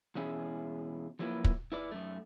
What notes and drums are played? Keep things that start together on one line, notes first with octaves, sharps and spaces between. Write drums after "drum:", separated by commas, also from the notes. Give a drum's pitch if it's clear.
E2 B2 C#4 E4 G#4
F3 F#3 A3 A#3 E4 B4
drum: kick
E4 B4 D5
F#2 A3